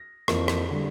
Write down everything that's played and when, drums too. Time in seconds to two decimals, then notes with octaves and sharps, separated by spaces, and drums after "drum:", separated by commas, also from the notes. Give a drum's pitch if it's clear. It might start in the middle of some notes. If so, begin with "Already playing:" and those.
Already playing: A#6
0.28 F2 E3 A#3, drum: rim click
0.48 drum: rim click
0.71 D3 G3